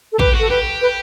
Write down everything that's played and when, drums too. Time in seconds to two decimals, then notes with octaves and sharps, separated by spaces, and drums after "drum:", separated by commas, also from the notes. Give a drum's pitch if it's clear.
0.12 A4
0.19 G4 B4, drum: kick
0.35 F#4 A4
0.50 G4 B4
0.82 B4